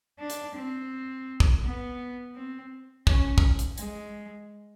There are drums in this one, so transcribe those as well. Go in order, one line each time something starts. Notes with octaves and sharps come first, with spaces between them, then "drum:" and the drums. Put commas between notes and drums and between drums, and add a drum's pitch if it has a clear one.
D4
drum: hi-hat
C4
drum: kick
B3
C4
C#4, drum: kick
drum: kick
drum: hi-hat
G#3, drum: hi-hat